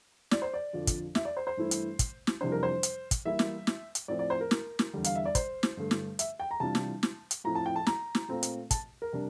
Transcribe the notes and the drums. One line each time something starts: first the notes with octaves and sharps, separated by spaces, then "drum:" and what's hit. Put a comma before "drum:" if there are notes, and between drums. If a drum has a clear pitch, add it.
D5, drum: snare
C5
D5
F2 D3 F3
drum: kick, hi-hat
E5, drum: snare
D5
C5
C5
G2 E3 A3 E4
drum: hi-hat
drum: kick, hi-hat
drum: snare
F2 C3 E3 G3 D4 C5
A#4
C5
drum: hi-hat
drum: kick, hi-hat
E3 G3 A#3 E4 E5
drum: snare
drum: snare
drum: hi-hat
A2 F3 C4 D5
D5
C5
A#4
drum: snare
drum: snare
E2 D3 G3
F5, drum: hi-hat
E5
D5
C5, drum: kick, hi-hat
drum: snare
G2 D3 A3
drum: snare
E5, drum: hi-hat
G5
A#5
C3 E3 G3 D4 F4 A5
drum: snare
drum: snare
drum: hi-hat
A2 F3 C4 E4 A#5
A5
G5
A5
A#5, drum: snare
drum: snare
A#2 A3 C4 F4
drum: hi-hat
A5, drum: kick, hi-hat
A#4
C3 G3 D4